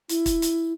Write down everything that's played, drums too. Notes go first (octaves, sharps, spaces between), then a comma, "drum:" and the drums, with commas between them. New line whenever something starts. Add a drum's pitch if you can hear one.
E4, drum: hi-hat
drum: kick, hi-hat
drum: hi-hat